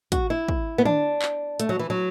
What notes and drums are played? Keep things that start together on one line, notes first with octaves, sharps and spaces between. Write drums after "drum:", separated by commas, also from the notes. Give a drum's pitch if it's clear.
F#4, drum: kick, hi-hat
E4
drum: kick
B3
D4, drum: tom
drum: clap
A3, drum: hi-hat
F#3
E3
F#3